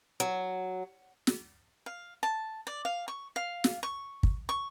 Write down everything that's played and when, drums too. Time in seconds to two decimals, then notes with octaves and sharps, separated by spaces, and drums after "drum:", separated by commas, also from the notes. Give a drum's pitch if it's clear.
0.20 F#3
1.27 drum: snare
1.86 F5
2.23 A5
2.67 D5
2.85 F5
3.08 C#6
3.36 F5
3.64 drum: snare
3.83 C#6
4.23 drum: kick
4.49 C#6